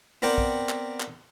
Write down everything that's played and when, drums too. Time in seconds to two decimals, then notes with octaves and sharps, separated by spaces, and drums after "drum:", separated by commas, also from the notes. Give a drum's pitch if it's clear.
0.22 B3 C4 A#4 D5 F#5 G5
0.38 drum: kick A#1
0.69 drum: clap
1.00 drum: clap